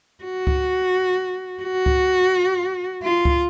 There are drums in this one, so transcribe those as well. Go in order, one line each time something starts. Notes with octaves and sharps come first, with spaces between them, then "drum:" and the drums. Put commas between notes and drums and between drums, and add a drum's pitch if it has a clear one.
F#4
drum: kick C#2
F#4
drum: kick C#2
F4
drum: kick C#2